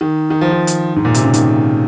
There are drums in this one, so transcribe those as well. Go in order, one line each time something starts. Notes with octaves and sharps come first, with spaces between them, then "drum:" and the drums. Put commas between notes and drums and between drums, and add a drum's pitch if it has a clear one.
D#3
D#3
F3
D#3
drum: hi-hat
G#2
A#2
C3, drum: hi-hat
C#3
D#3, drum: hi-hat